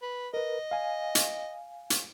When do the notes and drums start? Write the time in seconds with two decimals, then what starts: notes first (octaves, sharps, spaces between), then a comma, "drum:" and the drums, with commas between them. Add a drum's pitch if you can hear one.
0.02 B4
0.34 A#4 B4 D#5
0.71 F5 G#5
1.15 drum: hi-hat
1.90 drum: hi-hat